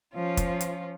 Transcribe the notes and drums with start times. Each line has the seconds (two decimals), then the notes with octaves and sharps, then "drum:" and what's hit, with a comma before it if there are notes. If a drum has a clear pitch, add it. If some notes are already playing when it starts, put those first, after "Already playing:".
0.14 F3 C#4 F4
0.37 drum: kick, hi-hat
0.60 drum: hi-hat